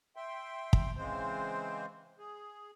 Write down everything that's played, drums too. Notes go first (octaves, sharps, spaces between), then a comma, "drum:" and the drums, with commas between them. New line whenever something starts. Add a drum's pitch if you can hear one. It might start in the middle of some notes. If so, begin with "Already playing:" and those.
E5 G5 C6
drum: kick
C#3 E3 G#3 C4 C5
G#4